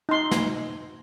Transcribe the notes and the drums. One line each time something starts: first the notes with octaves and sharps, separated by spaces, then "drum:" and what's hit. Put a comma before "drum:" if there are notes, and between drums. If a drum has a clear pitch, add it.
D#4 C6
drum: snare